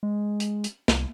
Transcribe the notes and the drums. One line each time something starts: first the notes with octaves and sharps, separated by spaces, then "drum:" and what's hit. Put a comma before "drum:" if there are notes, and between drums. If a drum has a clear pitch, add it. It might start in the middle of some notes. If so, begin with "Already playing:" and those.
G#3
drum: hi-hat
drum: hi-hat
C2, drum: snare